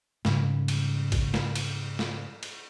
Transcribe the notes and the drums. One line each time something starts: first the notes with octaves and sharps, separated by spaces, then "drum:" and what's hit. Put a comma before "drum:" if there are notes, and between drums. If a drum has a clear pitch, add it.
G#2 C#3 G3, drum: snare
drum: cymbal
drum: kick A1, cymbal
drum: snare
drum: cymbal
drum: snare
drum: cymbal